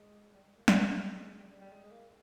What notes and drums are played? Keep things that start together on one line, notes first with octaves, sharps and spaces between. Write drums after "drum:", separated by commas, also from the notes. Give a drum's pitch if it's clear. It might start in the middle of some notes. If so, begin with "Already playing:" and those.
Already playing: G#3
G3
G#3
A#3
A#3, drum: snare
G3
G#3
G#3
G3
G3
G3
G#3
G#3
A#3